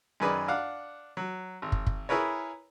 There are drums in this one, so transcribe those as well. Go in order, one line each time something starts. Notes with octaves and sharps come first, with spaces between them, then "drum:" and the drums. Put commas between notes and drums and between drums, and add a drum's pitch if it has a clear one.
F#2 D#3 G#4 B4 D5
D4 F5 F#5
F#3
G#1
drum: kick
drum: kick
E4 G#4 A#4 B4 C#5